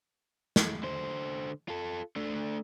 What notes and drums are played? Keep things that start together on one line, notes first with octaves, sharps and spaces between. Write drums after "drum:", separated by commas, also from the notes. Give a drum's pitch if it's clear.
drum: snare
D3 C5
F4 A4
A3 D4